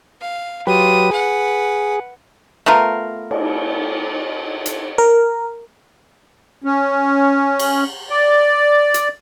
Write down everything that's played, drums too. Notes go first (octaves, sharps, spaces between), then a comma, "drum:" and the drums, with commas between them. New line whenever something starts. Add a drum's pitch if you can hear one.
F5
F#3 F4 G4 B4 D#6
G#4 B4 F#5
A3 B3 F4 A#4
drum: cymbal
drum: hi-hat
A#4
C#4
drum: cymbal
D5
drum: hi-hat